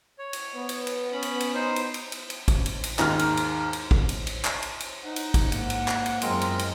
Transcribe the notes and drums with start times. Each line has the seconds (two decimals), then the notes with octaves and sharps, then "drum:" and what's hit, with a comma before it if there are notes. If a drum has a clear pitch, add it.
0.19 C#5
0.33 drum: cymbal
0.55 B3
0.69 drum: cymbal
0.87 drum: cymbal
1.12 C#4 B5
1.23 drum: cymbal
1.40 drum: cymbal
1.54 D#4 C5
1.76 drum: cymbal
1.94 drum: cymbal
2.12 drum: cymbal
2.30 drum: cymbal
2.48 drum: kick, cymbal
2.66 drum: cymbal
2.84 drum: cymbal
2.99 D#2 G#2 A#5 F6, drum: clap
3.19 drum: cymbal
3.37 drum: cymbal
3.73 drum: cymbal
3.91 drum: kick
4.09 drum: cymbal
4.27 drum: cymbal
4.45 drum: clap
4.63 drum: cymbal
4.80 drum: cymbal
5.04 D#4 F#5
5.16 drum: cymbal
5.34 drum: kick, cymbal
5.52 G#2 A#3, drum: cymbal
5.70 drum: cymbal
5.88 drum: clap
6.06 drum: cymbal
6.22 F#2 G#3 C4 F4 A#4, drum: cymbal
6.41 drum: cymbal
6.59 drum: cymbal